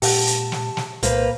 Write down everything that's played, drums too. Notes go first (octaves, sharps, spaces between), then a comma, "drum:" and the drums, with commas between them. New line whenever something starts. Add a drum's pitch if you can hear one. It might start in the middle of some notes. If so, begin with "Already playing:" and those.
A#2 G#3 G4 F#5 G5 A5, drum: open hi-hat
drum: hi-hat
drum: snare
drum: snare
C2 A#2 A#3 B4 C5, drum: hi-hat